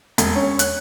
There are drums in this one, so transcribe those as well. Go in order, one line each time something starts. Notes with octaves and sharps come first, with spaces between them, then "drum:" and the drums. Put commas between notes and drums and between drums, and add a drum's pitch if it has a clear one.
E1, drum: hi-hat
C#4
F#6, drum: hi-hat